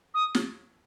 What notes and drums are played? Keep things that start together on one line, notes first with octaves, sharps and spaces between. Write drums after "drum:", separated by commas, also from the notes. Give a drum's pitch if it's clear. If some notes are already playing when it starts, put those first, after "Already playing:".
D#6
drum: snare